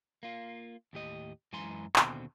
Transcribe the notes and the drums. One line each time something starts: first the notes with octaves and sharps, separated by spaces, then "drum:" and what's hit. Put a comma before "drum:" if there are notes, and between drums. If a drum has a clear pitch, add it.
A#3 F4
D#2 A2 G4 D#5
F#2 E3 G#3 G#5 A#5 C6
D#2 B2 D3 C4 G5, drum: clap